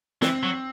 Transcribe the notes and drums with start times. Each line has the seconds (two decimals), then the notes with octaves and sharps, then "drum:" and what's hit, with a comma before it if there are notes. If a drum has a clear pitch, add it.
0.22 E3 C4, drum: snare
0.43 F#3